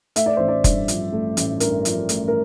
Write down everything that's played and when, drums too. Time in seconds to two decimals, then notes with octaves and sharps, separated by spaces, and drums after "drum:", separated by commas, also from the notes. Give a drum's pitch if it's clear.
0.16 A3 E5, drum: hi-hat
0.26 D5
0.37 A1 C5
0.48 D5
0.64 G2, drum: kick F1, hi-hat
0.88 F3, drum: hi-hat
1.12 A3
1.37 A1, drum: hi-hat
1.60 G2 A#4, drum: hi-hat
1.85 F3, drum: hi-hat
2.09 A3, drum: hi-hat
2.28 A#4